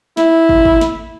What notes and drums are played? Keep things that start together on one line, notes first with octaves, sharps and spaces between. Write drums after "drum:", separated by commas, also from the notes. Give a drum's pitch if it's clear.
E4, drum: snare
drum: kick
drum: kick
drum: snare